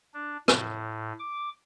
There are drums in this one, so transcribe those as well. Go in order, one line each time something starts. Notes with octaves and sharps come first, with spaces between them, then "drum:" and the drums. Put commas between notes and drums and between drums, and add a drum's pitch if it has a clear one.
D4
A2, drum: rim click
D6